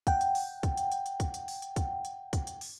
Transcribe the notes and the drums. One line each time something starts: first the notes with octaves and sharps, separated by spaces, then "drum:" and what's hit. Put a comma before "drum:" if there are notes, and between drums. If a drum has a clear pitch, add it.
F#5 G5, drum: kick, hi-hat
drum: hi-hat
drum: open hi-hat
drum: kick, hi-hat
drum: hi-hat
drum: hi-hat
drum: hi-hat
drum: kick, hi-hat
drum: hi-hat
drum: open hi-hat
drum: hi-hat
drum: kick, hi-hat
drum: hi-hat
drum: kick, hi-hat
drum: hi-hat
drum: open hi-hat